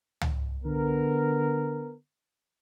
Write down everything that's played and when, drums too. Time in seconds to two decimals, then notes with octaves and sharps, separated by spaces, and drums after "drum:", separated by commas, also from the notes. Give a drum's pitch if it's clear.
0.21 drum: tom C#2
0.64 D3 B3 A#4